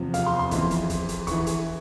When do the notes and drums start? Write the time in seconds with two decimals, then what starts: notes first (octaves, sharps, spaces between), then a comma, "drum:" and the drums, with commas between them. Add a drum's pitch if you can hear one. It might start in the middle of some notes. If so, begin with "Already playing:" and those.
Already playing: E2 C3 F3
0.14 F5, drum: hi-hat
0.26 C6
0.39 C6
0.51 F2 E3, drum: kick, hi-hat
0.71 drum: hi-hat
0.90 drum: kick, hi-hat
1.09 drum: hi-hat
1.27 E2 E3 C#6, drum: kick, hi-hat
1.47 drum: hi-hat